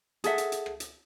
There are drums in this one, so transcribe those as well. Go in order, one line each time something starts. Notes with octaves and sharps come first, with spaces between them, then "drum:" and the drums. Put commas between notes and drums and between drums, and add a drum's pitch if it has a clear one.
G#4 A4 E5 F#5, drum: hi-hat
drum: hi-hat
drum: hi-hat
drum: rim click
drum: hi-hat